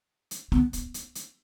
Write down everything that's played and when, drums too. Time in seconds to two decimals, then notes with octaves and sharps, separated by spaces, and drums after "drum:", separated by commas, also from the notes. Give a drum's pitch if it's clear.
0.31 drum: hi-hat
0.52 B3, drum: snare
0.73 drum: kick, hi-hat
0.94 drum: hi-hat
1.15 drum: hi-hat